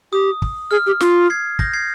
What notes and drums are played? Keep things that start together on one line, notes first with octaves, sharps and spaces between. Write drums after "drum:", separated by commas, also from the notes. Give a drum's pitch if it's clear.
G4 D#6
drum: kick
G#4 F6
G4
F4, drum: snare
G#6 C7
G6 A#6, drum: kick
G#6 C7